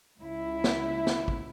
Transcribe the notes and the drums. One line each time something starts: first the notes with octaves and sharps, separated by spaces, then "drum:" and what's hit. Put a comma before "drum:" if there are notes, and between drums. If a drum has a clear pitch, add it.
C#2 E4
drum: snare
drum: snare
drum: kick